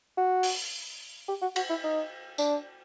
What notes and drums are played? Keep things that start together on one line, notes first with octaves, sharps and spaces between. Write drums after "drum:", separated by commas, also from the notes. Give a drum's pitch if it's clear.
F#4
drum: open hi-hat
G4
F#4
F#4, drum: cymbal
E4
D#4
D4, drum: tambourine